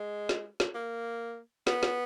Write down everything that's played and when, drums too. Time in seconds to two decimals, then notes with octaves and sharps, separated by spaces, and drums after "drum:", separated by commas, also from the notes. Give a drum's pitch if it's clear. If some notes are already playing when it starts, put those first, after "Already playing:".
Already playing: G#3
0.29 drum: snare
0.60 drum: snare
0.75 A#3
1.67 B3, drum: snare
1.83 drum: snare